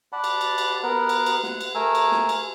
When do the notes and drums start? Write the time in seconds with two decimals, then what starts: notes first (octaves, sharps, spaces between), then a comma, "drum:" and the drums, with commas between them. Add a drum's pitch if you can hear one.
0.12 D5 F#5 A5 B5
0.24 drum: cymbal
0.41 drum: cymbal
0.58 drum: cymbal
0.83 B3 A#4 F#5
1.09 drum: cymbal
1.26 drum: cymbal
1.43 F#5, drum: snare
1.61 drum: cymbal
1.75 A3 A#4 G#5 E6
1.95 drum: cymbal
2.12 drum: snare
2.29 drum: cymbal